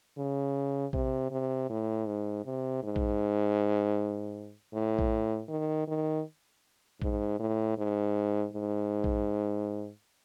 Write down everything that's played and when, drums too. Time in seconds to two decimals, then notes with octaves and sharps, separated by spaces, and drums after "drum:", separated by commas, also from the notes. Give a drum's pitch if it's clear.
0.18 C#3
0.93 C3, drum: kick A#1
1.31 C3
1.70 A2
2.07 G#2
2.45 C3
2.83 G#2
2.96 drum: kick A#1
4.74 A2
4.99 drum: kick A#1
5.49 D#3
5.87 D#3
7.02 G#2, drum: kick A#1
7.39 A2
7.78 G#2
8.53 G#2
9.04 drum: kick A#1